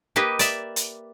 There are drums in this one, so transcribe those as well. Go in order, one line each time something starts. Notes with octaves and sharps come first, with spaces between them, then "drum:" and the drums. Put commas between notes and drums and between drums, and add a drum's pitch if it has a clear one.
A#3 G4 B4 D#5
D5 E5, drum: hi-hat
drum: hi-hat